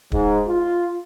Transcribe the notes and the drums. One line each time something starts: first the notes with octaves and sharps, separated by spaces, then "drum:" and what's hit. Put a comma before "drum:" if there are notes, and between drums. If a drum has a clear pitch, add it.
G#2, drum: kick
F4